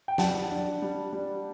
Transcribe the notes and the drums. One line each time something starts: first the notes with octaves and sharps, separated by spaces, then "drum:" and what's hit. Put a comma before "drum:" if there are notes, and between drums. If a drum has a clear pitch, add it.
G5
G3 F#5 A5, drum: snare
D4
G3
G3